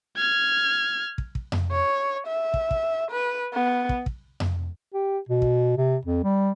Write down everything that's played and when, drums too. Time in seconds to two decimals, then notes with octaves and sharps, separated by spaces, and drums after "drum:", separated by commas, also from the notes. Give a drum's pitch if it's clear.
0.16 F6 G#6
1.18 drum: kick
1.35 drum: kick
1.52 drum: tom F2
1.71 C#5
2.28 E5
2.54 drum: kick
2.71 drum: kick
3.12 B4
3.54 B3
3.89 drum: kick
4.06 drum: kick
4.40 drum: tom F2
4.94 G4
5.29 B2
5.42 drum: kick
5.77 C3
6.05 F2
6.24 G3